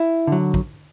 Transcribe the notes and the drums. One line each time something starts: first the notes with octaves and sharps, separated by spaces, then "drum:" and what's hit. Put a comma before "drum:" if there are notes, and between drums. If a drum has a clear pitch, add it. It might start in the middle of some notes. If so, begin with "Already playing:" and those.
Already playing: E4
D3 F#3
drum: kick